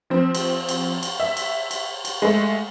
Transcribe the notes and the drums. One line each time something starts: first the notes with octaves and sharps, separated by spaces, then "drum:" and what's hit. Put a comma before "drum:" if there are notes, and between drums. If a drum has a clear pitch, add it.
F3 C4
drum: cymbal
drum: cymbal
drum: cymbal
E5
drum: cymbal
drum: cymbal
drum: cymbal
G#3 A3